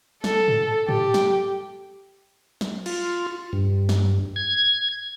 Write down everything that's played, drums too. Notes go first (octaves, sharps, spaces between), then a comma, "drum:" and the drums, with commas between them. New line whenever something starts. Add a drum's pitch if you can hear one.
A4, drum: snare
drum: tom G#2
G4, drum: tom G#2
drum: snare
drum: snare
F4, drum: cymbal
G2
drum: snare
G#6